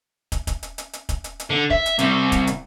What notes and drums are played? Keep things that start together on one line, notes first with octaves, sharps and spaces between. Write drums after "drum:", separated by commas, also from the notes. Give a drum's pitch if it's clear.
drum: kick, hi-hat
drum: kick, hi-hat
drum: hi-hat
drum: hi-hat
drum: hi-hat
drum: kick, hi-hat
drum: hi-hat
drum: hi-hat
D3
E5, drum: kick
drum: hi-hat
C2 C3, drum: hi-hat
drum: kick, hi-hat
drum: hi-hat